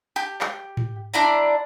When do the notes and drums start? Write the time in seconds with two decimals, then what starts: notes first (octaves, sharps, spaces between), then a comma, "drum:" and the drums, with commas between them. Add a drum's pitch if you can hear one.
0.16 G4
0.41 drum: clap
0.77 drum: tom G#2
1.14 D4 E4 D5 A#5